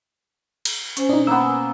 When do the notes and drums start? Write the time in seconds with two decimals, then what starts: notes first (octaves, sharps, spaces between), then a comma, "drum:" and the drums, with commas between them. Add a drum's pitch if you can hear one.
0.65 drum: cymbal
0.97 C#4 C5 G#5, drum: hi-hat
1.09 B2 D4 D#4
1.27 A#3 B3 E6
1.41 G#5